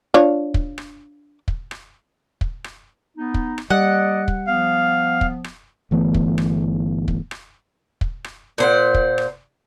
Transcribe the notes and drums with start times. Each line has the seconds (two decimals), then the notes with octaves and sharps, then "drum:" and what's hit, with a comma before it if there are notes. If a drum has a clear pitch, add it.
0.14 D4 F4 C#5
0.54 drum: kick
0.78 drum: rim click
1.48 drum: kick
1.71 drum: rim click
2.41 drum: kick
2.64 drum: rim click
3.17 B3 D#4
3.34 drum: kick
3.58 drum: rim click
3.70 G3 A#3 D5 D#5 F#5
4.28 drum: kick
4.47 F3 B3 F5
5.21 drum: kick
5.44 drum: rim click
5.91 G1 E3 A3 B3
6.14 drum: kick
6.38 drum: rim click
7.08 drum: kick
7.31 drum: rim click
8.01 drum: kick
8.24 drum: rim click
8.58 A#2 C5 F#5
8.94 drum: kick
9.18 drum: rim click